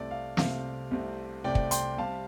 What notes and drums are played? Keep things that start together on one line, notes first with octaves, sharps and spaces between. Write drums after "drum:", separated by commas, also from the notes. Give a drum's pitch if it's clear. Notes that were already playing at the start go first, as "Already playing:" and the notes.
Already playing: C2 C3 A3 C4 D5
F5
C2 C3 A3 C4 F5, drum: snare
C2 C3 A3 C4
C2 C3 A3 C4 D5 G5
drum: kick
G5 C6, drum: hi-hat
C3 G3 C4 F5 A5